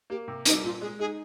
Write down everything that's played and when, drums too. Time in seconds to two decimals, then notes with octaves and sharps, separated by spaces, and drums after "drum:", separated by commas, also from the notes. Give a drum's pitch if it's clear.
0.10 A#3 G4
0.28 C3
0.45 C2 D#4, drum: hi-hat
0.63 A#2 F4
0.81 G#3 G#4
0.99 D#4 G#4